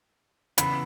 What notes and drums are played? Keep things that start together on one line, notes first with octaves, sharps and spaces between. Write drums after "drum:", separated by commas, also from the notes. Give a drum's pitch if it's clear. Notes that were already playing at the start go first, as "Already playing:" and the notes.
C#3 E3 B3 B5, drum: hi-hat